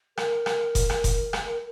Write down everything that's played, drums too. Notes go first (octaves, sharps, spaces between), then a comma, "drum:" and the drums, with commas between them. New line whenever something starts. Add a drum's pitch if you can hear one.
A#4, drum: rim click
drum: rim click
drum: kick F1, hi-hat
drum: rim click
drum: kick F1, hi-hat
drum: rim click
A#4